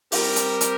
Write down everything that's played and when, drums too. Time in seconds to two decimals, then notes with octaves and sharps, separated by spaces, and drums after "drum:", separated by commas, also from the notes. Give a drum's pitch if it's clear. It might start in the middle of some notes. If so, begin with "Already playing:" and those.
0.12 G3 C4 G4 A#4, drum: open hi-hat
0.36 drum: hi-hat
0.61 drum: hi-hat